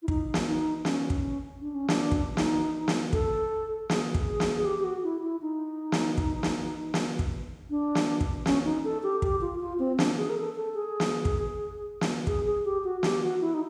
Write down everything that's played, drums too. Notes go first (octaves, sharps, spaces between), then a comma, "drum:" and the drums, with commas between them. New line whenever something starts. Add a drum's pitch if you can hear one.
E4
D#4, drum: kick
drum: snare
D#4
C#4, drum: snare
drum: kick
D4
C#4
D4, drum: snare
drum: kick
D#4, drum: snare
drum: snare
A4, drum: kick
G#4, drum: snare
drum: kick
drum: snare
G#4
G4
G4
F#4
E4
E4
D#4
drum: snare
drum: kick
drum: snare
drum: snare
drum: kick
D4
drum: snare
drum: kick
C#4, drum: snare
D#4
A4
G4
G4, drum: kick
F4
F4
C4
D4, drum: snare
G#4
A#4
A4
A4
G#4
drum: snare
drum: kick
drum: snare
G#4, drum: kick
G#4
G4
F#4
G4, drum: snare
F#4
E4
D#4